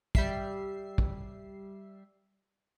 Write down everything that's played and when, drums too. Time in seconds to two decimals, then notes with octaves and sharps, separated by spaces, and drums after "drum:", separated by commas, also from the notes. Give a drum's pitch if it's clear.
0.15 G3 E5 C7, drum: kick
0.98 drum: kick